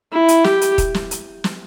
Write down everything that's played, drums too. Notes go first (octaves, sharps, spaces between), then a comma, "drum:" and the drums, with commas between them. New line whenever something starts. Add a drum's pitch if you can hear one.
E4
drum: hi-hat
G4, drum: snare
drum: hi-hat
drum: kick D#1, hi-hat
drum: snare
drum: hi-hat
drum: snare